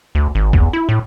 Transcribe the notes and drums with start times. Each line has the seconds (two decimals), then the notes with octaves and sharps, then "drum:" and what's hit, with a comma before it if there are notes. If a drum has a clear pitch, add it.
0.15 D2
0.35 G#1
0.53 E2, drum: kick
0.73 E4
0.89 A2